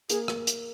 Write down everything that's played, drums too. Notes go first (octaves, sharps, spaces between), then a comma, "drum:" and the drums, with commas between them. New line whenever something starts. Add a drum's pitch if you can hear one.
A#3 G#4, drum: hi-hat
drum: rim click
drum: hi-hat